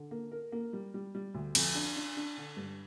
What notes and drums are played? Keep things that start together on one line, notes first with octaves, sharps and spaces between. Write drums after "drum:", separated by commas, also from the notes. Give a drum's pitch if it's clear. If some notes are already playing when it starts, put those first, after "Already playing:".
Already playing: D3
A#3
A#4
A#3
G3
G3
G3
D2
F2, drum: cymbal
D4
D4
D4
D3
G2